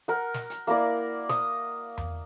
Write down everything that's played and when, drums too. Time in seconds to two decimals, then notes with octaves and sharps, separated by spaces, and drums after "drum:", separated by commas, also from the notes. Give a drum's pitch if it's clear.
0.08 A#4 F#5
0.34 drum: snare
0.50 drum: hi-hat
0.67 A#3 E4 A#4 D5
1.29 D#6, drum: snare
1.98 drum: tom E2